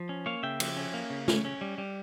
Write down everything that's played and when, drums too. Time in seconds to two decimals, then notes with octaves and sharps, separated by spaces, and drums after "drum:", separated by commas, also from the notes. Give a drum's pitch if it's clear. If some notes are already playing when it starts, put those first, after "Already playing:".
Already playing: F3
0.09 C#4
0.26 A#3 C#5 F5
0.43 C#3 E5 G5
0.60 F3, drum: cymbal
0.77 C#4
0.94 A#3
1.10 C#3
1.28 C#4, drum: snare
1.45 C#4
1.61 G3
1.78 G3